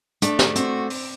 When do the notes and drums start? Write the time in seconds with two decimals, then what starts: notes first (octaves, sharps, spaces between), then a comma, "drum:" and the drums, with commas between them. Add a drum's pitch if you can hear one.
0.22 A3 D4, drum: hi-hat
0.39 drum: snare
0.56 C4 F#4, drum: hi-hat
0.90 drum: open hi-hat